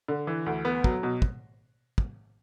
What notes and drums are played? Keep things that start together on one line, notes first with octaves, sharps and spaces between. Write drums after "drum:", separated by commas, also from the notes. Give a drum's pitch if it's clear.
D3
E3
D2
B3
F#3, drum: kick
B2
drum: kick
drum: kick